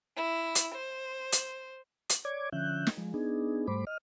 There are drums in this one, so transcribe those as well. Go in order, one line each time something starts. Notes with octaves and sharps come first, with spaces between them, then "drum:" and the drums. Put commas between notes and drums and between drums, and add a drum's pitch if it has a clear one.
E4
drum: hi-hat
C5
drum: hi-hat
drum: hi-hat
C#5 D5 D6 G#6
D3 F3 C#4 E5 F#6 G6
drum: snare
F3 G#3
B3 D4 D#4 G#4
G#2 G3 A3 C5 B5 D6
D#5 F6